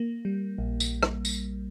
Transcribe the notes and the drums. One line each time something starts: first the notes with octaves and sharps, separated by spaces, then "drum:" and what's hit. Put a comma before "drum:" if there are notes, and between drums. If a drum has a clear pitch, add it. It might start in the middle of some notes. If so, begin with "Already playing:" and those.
Already playing: A#3
G3
A#1
drum: tambourine
drum: rim click
drum: tambourine